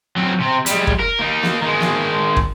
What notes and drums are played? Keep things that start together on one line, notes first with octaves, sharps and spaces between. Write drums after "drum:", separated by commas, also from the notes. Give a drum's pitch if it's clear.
F#3 C4
C3 C4
G3 G#3, drum: hi-hat
drum: kick
A#4
A#3 D#4
drum: snare
D#3 G#3
drum: snare
drum: kick